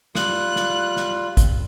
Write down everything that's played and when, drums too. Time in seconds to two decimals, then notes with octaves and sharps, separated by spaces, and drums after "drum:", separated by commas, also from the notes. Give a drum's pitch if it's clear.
0.15 G3 F4 F#6, drum: snare
0.56 drum: snare
0.97 drum: snare
1.37 drum: kick, hi-hat